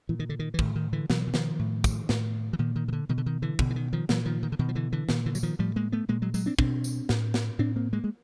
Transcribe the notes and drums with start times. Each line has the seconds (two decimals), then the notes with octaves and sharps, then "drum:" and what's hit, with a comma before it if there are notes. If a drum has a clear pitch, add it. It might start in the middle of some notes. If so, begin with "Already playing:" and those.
0.09 A#2 E3
0.19 D#3
0.29 D3
0.39 D#3
0.54 E3
0.59 A2 D#3, drum: kick
0.76 D#3
0.93 D3 E3
1.10 B2 E3 F#3, drum: snare
1.28 E3
1.34 D#3 F3, drum: snare
1.59 A2
1.84 drum: kick, tambourine
2.09 A2, drum: snare
2.53 E3
2.59 A#2 D#3
2.76 D#3
2.88 D#3
2.93 D3
3.09 B2 D#3
3.18 D3
3.26 D#3
3.42 D3 E3
3.59 B2 D3, drum: kick
3.70 E3
3.76 D#3
3.93 D#3 F3
4.09 A#2 E3 F#3, drum: snare
4.25 D#3 F3
4.43 D#3
4.52 D3
4.59 B2 D#3
4.69 F3
4.75 D3 E3
4.92 D3 E3
5.09 A#2 D#3, drum: snare
5.26 D3 E3
5.35 F#3, drum: tambourine
5.43 D#3 F3
5.59 A2 F3 G3
5.76 G#3 A#3
5.92 A3 B3
6.08 A#2 G#3 A#3
6.22 F#3 G#3
6.34 F#3 G#3, drum: tambourine
6.46 C4 D4
6.59 B2 C4 D4, drum: kick
6.84 drum: tambourine
7.09 A2, drum: snare
7.34 drum: snare
7.59 A2 C4 D4
7.76 A#3 C4
7.93 G#3 A#3
8.04 G#3